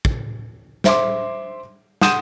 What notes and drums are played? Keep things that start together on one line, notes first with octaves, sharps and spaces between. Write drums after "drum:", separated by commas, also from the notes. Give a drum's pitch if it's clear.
drum: kick
C5 E5 C6 D6, drum: snare
F#5 C6 D#6 G6 D#7 E7, drum: snare